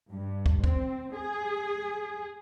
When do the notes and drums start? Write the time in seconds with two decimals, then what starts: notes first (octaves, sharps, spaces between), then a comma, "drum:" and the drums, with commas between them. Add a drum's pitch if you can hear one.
0.10 G2
0.46 drum: kick
0.64 C4, drum: kick
1.15 G#4